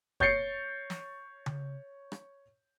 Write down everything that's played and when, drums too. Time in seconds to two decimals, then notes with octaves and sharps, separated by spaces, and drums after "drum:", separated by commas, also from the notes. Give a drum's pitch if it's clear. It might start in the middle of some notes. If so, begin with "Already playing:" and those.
0.20 C#5 G6 A6 C7 C#7, drum: kick
0.90 drum: snare
1.46 drum: tom C#3
2.12 drum: rim click